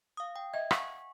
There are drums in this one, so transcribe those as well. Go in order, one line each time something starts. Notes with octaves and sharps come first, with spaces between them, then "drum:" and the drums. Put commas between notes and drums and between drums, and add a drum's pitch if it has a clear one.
F5 D#6
G5
D#5 E5 G#6
F5 F#5 G#5 C#6, drum: rim click